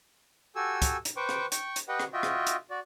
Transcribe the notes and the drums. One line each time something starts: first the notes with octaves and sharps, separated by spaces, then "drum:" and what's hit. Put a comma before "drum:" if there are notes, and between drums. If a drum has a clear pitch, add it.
F#4 G4 A4 G#5 E6
drum: kick, hi-hat
drum: hi-hat
B4 C5 G5 C#6 D6
drum: rim click
G5 C#6, drum: hi-hat
drum: hi-hat
G4 B4 D#5 F#5 G5
drum: rim click
F4 F#4 D#5 E5 G5
drum: rim click
drum: hi-hat
F#4 D5